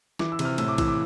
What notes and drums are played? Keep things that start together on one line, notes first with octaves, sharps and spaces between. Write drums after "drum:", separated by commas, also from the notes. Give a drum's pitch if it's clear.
E3 D6, drum: snare
E6
C3, drum: cymbal
F6
A2 E6, drum: cymbal
D6
E3 E6, drum: kick A#1, cymbal
D6